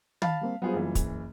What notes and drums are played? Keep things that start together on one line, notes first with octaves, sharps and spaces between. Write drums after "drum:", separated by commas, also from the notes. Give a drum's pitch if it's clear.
F5 A5 B5 A6, drum: tom
G3 A#3 C4
F#3 G3 B3 F4 G#4 C5
F#1 E3
drum: kick, hi-hat
F#2